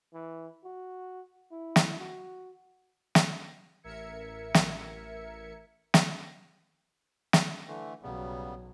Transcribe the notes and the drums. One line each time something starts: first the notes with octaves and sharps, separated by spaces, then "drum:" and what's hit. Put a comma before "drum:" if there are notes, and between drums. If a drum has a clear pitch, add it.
E3
F#4
E4
drum: snare
F#4
drum: snare
A1 A#4 E5 G#6 C#7
drum: snare
drum: snare
drum: snare
D3 E3 A3
B1 C#3 F#3 G3 B3